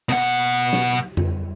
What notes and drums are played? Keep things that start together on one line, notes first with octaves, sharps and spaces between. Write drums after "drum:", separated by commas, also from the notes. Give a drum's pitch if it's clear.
B2 F#5
drum: hi-hat
drum: snare
drum: tom F2